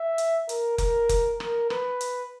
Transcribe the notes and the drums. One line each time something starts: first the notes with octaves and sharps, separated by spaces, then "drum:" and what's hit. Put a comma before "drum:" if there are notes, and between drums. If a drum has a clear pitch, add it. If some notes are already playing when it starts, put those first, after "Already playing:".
Already playing: E5
drum: hi-hat
A#4, drum: hi-hat
A#4, drum: kick F1, hi-hat
drum: kick F1, hi-hat
A#4, drum: rim click
B4, drum: rim click
drum: hi-hat